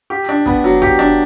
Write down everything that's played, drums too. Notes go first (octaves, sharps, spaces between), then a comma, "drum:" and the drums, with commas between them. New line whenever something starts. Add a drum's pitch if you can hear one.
G4
D4
B3, drum: kick
F#3
G4, drum: kick
D4